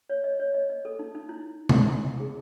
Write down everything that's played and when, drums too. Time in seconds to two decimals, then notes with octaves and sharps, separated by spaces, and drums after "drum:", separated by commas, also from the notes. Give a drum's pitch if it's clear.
0.10 C#5
0.24 D#5
0.40 C#5
0.54 D#5
0.70 D#5
0.85 A4
0.99 D#4
1.15 D#4
1.29 E4
1.69 drum: tom C3
1.89 E4
2.20 G#4